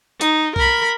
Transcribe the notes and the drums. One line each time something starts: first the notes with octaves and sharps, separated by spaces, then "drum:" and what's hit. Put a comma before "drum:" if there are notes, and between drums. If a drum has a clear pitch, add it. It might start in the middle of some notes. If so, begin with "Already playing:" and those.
D#4, drum: hi-hat
A#4 B5, drum: kick B1